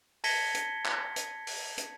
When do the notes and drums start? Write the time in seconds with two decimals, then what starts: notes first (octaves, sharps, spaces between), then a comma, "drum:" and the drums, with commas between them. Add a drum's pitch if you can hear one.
0.24 A5 G#6 A#6 B6 C#7 G7, drum: open hi-hat
0.55 drum: hi-hat
0.85 drum: clap
1.16 drum: hi-hat
1.47 drum: open hi-hat
1.78 drum: hi-hat